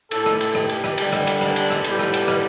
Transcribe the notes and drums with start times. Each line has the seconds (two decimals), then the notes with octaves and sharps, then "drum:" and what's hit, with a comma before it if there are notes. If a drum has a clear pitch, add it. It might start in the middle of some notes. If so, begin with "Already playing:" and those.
0.11 A2 A3 A4, drum: cymbal
0.26 drum: rim click
0.41 drum: cymbal
0.55 G4, drum: rim click
0.69 drum: cymbal
0.84 drum: rim click
0.98 D3 G3, drum: cymbal
1.13 drum: rim click
1.27 drum: cymbal
1.41 D4, drum: rim click
1.56 drum: cymbal
1.70 drum: rim click
1.84 A2 G3 B3, drum: cymbal
1.99 drum: rim click
2.14 drum: cymbal
2.28 drum: rim click